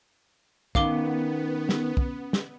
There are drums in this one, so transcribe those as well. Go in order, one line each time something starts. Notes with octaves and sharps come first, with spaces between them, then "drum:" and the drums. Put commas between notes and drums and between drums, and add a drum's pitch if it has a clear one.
D#3 B3 C#4 F5 D6 G7, drum: kick
drum: snare
drum: kick
drum: snare